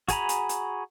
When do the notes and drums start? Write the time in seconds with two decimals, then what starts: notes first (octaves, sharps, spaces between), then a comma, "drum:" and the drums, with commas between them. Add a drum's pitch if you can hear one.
0.08 F#4 G#4 G#5 A#5 B5, drum: kick, hi-hat
0.29 drum: hi-hat
0.49 drum: hi-hat